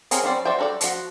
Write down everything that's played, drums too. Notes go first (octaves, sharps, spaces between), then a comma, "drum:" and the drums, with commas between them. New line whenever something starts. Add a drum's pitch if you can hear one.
C4 G#4 A#4 C#5, drum: hi-hat
F#3 G3 C4 D5
F#4 C5 D5 E5 G5
F#4 A4 A#4 D5 G5
F3 F#4, drum: hi-hat